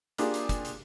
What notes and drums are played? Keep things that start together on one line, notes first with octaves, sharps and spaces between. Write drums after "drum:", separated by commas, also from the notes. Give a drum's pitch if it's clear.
A#3 D4 F4 G4 G#4, drum: hi-hat
drum: hi-hat
drum: kick, hi-hat
drum: hi-hat